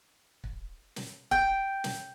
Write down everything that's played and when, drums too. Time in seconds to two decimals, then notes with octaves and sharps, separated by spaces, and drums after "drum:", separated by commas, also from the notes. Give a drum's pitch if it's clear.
0.44 drum: kick
0.96 drum: snare
1.31 G5, drum: kick
1.84 drum: snare